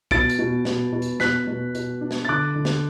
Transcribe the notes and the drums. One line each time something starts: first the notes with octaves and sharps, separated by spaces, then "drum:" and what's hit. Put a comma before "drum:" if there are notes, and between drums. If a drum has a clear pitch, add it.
B2 A6 D7, drum: kick
drum: hi-hat
B2
B2, drum: snare
B2
drum: hi-hat
B2 F#6 B6, drum: snare
B2
B2, drum: hi-hat
D4
drum: snare
A6
D3 D6 F#6
D3
drum: snare